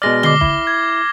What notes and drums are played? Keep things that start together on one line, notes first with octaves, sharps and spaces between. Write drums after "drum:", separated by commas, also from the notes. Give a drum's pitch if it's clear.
B2 G#3 D5 F6 A#6
D6 C7 G7, drum: tom D3
E4, drum: kick
G#6